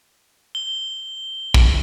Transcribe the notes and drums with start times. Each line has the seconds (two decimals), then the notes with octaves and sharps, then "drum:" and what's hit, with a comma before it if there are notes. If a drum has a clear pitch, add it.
0.55 G7
1.54 drum: kick